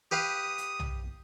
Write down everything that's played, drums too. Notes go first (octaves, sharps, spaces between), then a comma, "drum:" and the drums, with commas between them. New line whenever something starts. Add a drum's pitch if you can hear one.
G4 B4 F5 D#6
drum: hi-hat
drum: tom B1